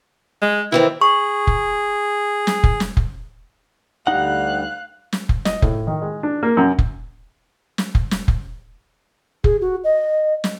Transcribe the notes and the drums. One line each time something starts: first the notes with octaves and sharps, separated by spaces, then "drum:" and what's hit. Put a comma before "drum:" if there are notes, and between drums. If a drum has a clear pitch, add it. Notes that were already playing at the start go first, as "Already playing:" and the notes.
G#3
D#3 E3 C4 E4
G#4 C#6
drum: kick F1
drum: snare
drum: kick F1
drum: snare
drum: kick F1
D2 G3 D#4 F5 F#5 F#6
drum: snare
drum: kick F1
D#5, drum: snare
A2, drum: kick F1
D#3
G#3
D4
A#3
F#2
drum: kick F1
drum: snare
drum: kick F1
drum: snare
drum: kick F1
G#4, drum: kick F1
F#4
D#5
drum: snare